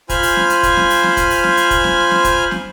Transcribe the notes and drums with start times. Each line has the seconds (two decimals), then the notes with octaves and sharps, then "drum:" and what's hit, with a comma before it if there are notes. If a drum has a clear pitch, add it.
0.09 F4 C5 G#5 B5 F6, drum: kick, hi-hat
0.23 drum: open hi-hat
0.36 drum: snare
0.50 drum: hi-hat
0.63 drum: kick, hi-hat
0.77 drum: snare
0.90 drum: open hi-hat
1.03 drum: snare
1.17 drum: kick, hi-hat
1.30 drum: open hi-hat
1.44 drum: snare
1.57 drum: hi-hat
1.71 drum: kick, hi-hat
1.84 drum: snare
2.11 drum: snare
2.24 drum: kick, hi-hat
2.51 drum: snare